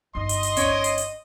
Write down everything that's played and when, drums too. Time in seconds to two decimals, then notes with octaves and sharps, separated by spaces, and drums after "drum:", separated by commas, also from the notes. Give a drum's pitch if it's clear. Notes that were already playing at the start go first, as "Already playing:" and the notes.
0.15 G1 D#4 D#5 C6
0.29 drum: hi-hat
0.43 drum: hi-hat
0.57 C#4 C#5 D5, drum: kick, hi-hat
0.84 drum: hi-hat
0.98 drum: hi-hat